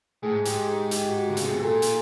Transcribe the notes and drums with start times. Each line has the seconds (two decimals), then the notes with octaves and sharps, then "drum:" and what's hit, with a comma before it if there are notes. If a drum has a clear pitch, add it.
0.22 A2 G#4
0.31 G#2
0.45 G#2 G4, drum: hi-hat
0.69 G#4
0.91 G4, drum: hi-hat
1.08 F#4
1.25 D3 G4
1.37 C#3, drum: hi-hat
1.43 C3 G#4
1.52 B2
1.60 A#2 A4
1.82 drum: hi-hat